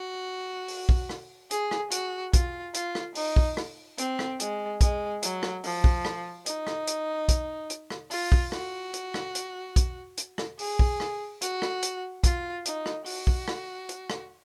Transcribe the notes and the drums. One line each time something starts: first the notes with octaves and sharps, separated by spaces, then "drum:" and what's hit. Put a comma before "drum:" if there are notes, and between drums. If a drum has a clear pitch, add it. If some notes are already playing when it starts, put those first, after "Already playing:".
Already playing: F#4
drum: open hi-hat
drum: kick
drum: rim click
G#4, drum: hi-hat
drum: rim click
F#4, drum: hi-hat
F4, drum: kick, hi-hat
F4, drum: hi-hat
drum: rim click
D#4, drum: open hi-hat
drum: kick
drum: rim click
C4, drum: hi-hat
drum: rim click
G#3, drum: hi-hat
G#3, drum: kick, hi-hat
F#3, drum: hi-hat
drum: rim click
F3, drum: open hi-hat
drum: kick
drum: rim click
D#4, drum: hi-hat
drum: rim click
drum: hi-hat
drum: kick, hi-hat
drum: hi-hat
drum: rim click
F4, drum: open hi-hat
drum: kick
F#4, drum: rim click
drum: hi-hat
drum: rim click
drum: hi-hat
drum: kick, hi-hat
drum: hi-hat
drum: rim click
G#4, drum: open hi-hat
drum: kick
drum: rim click
F#4, drum: hi-hat
drum: rim click
drum: hi-hat
F4, drum: kick, hi-hat
D#4, drum: hi-hat
drum: rim click
F#4, drum: open hi-hat
drum: kick
drum: rim click
drum: hi-hat
drum: rim click